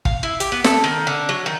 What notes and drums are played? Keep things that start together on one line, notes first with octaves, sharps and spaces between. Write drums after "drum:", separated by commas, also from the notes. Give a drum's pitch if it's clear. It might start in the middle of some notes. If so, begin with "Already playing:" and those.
F5, drum: kick
E4
G4, drum: hi-hat
B3
A4, drum: snare
D#3
D3
F#3
D#3